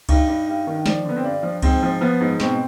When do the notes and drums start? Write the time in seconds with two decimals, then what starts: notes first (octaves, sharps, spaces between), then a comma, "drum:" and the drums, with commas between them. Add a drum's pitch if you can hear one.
0.09 G2 D#4, drum: kick C#2, cymbal
0.27 G2
0.48 G2
0.67 D#3
0.86 F3 D4, drum: snare
1.05 D3 B3
1.16 C4
1.23 G2 D4
1.43 F3
1.62 G#2 C4, drum: kick C#2, cymbal
1.82 F3
2.01 F3 B3
2.20 G#2
2.40 B2 C4, drum: snare